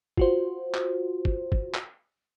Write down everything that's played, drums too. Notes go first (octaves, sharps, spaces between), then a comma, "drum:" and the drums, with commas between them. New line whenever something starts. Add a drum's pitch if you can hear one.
F4 F#4 C5, drum: kick
drum: clap
drum: kick
drum: kick
drum: clap